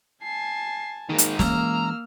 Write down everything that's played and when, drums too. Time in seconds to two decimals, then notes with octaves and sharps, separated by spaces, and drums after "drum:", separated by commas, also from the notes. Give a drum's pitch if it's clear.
0.23 G#5 A5 C7
1.09 G#2 D#3 A#3 D#4 G#4 A#4
1.18 drum: hi-hat
1.39 E3 G#3 A#3 C#4 A#5 E6 F6, drum: snare